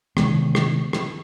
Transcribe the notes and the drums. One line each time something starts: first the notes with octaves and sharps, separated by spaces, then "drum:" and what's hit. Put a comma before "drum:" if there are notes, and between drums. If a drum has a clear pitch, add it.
C3 D#3 G#3 B3, drum: rim click
drum: rim click
drum: rim click